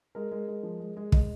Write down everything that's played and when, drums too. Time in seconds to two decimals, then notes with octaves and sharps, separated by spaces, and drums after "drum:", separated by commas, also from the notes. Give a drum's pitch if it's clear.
0.15 G#3 A#4
0.31 G#3
0.48 G#3
0.63 F3
0.80 G#3
0.96 G#3
1.12 G#3 D#5, drum: kick